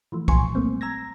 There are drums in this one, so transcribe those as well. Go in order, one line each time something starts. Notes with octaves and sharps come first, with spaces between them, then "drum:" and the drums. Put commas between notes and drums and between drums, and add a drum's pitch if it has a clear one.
E3 F3 A3
G#1 A#2 F3 G#5 C6 C#6, drum: kick B1
F#3 G3 A3 A#3 C4
A#5 E6 G#6 A#6